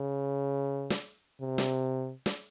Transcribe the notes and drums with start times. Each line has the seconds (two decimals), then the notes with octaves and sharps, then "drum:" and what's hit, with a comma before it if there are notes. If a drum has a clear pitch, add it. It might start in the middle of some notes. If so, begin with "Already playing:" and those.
Already playing: C#3
0.90 drum: snare
1.41 C3
1.58 drum: snare
2.26 drum: snare